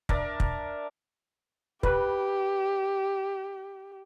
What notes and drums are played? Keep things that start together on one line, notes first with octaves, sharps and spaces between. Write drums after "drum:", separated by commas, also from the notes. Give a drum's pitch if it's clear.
D4 A#4 E5 A5, drum: kick
drum: kick
G4 B4, drum: kick